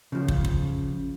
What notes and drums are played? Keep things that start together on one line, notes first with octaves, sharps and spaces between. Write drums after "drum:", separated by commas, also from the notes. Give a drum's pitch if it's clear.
C#3 F3
drum: kick
drum: kick